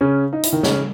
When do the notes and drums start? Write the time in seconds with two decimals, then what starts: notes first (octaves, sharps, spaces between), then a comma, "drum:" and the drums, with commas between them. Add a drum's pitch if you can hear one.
0.01 C#3 C#4
0.33 D#4
0.43 E4, drum: hi-hat
0.53 D#3 D#4
0.63 C#3 C#4, drum: snare